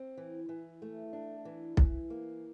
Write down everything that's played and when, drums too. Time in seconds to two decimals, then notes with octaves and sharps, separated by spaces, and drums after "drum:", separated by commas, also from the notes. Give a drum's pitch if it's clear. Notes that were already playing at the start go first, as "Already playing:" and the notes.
Already playing: C4
0.17 E3
0.49 E3
0.82 A3
1.13 D4
1.45 E3
1.77 E3, drum: kick B1
2.10 A#3